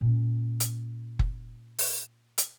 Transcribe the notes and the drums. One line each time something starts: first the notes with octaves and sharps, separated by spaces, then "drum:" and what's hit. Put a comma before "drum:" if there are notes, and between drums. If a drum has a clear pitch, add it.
A#2 C#4
drum: hi-hat
drum: kick
drum: open hi-hat
drum: hi-hat